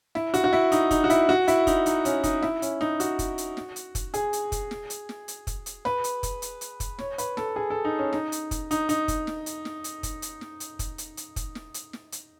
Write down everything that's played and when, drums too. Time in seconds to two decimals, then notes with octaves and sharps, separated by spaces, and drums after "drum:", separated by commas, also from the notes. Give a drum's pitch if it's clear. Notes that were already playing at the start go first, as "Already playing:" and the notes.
0.15 E4, drum: snare
0.34 F#4, drum: hi-hat
0.44 F#4
0.53 E4, drum: snare
0.72 D#4, drum: hi-hat
0.91 D#4, drum: kick, hi-hat
1.04 F#4
1.10 E4, drum: hi-hat
1.29 F#4, drum: snare
1.48 E4, drum: hi-hat
1.67 D#4, drum: kick, hi-hat
1.86 D#4, drum: hi-hat
2.05 C#4, drum: hi-hat
2.24 D#4, drum: kick, hi-hat
2.42 E4, drum: snare
2.62 C#4, drum: hi-hat
2.81 D#4, drum: snare
3.00 F#4, drum: hi-hat
3.19 drum: kick, hi-hat
3.38 drum: hi-hat
3.57 drum: snare
3.76 drum: hi-hat
3.95 drum: kick, hi-hat
4.14 G#4, drum: hi-hat
4.33 drum: hi-hat
4.52 drum: kick, hi-hat
4.71 drum: snare
4.90 drum: hi-hat
5.09 drum: snare
5.28 drum: hi-hat
5.47 drum: kick, hi-hat
5.66 drum: hi-hat
5.85 B4, drum: snare
6.04 drum: hi-hat
6.23 drum: kick, hi-hat
6.42 drum: hi-hat
6.61 drum: hi-hat
6.80 drum: kick, hi-hat
6.99 C#5, drum: snare
7.18 B4, drum: hi-hat
7.37 A4, drum: snare
7.56 G#4
7.70 A4
7.85 D#4
7.99 C#4
8.13 D#4, drum: snare
8.32 drum: hi-hat
8.51 drum: kick, hi-hat
8.71 D#4, drum: hi-hat
8.89 D#4, drum: hi-hat
9.08 drum: kick, hi-hat
9.27 drum: snare
9.46 drum: hi-hat
9.65 drum: snare
9.84 drum: hi-hat
10.03 drum: kick, hi-hat
10.22 drum: hi-hat
10.41 drum: snare
10.60 drum: hi-hat
10.79 drum: kick, hi-hat
10.98 drum: hi-hat
11.17 drum: hi-hat
11.36 drum: kick, hi-hat
11.55 drum: snare
11.74 drum: hi-hat
11.93 drum: snare
12.12 drum: hi-hat